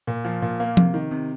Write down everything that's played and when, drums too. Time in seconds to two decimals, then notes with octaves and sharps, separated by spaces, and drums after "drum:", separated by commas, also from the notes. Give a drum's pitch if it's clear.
0.07 A#2
0.25 F3
0.42 A#2
0.60 A#3
0.77 C3, drum: tom F3
0.94 D#3
1.11 C3